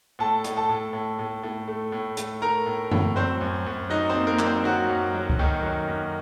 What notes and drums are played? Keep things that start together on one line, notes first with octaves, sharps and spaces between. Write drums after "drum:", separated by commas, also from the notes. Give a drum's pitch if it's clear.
A2 A4 A5
A2, drum: hi-hat
A4 A5
A2
A2
A2
A2
A3
A2
A3, drum: hi-hat
A3 A#4 A#5
A2
A2, drum: tom F#2
F#3 C4 C5
F#2
F#2
F#3 D#4 D#5
C4 C5
A#3
A#3 A#4
F#3, drum: clap
C4 C5
F#3 F#4
F#2
F#3
drum: kick C#2
F#2 D#3 D#4
F#3
F#2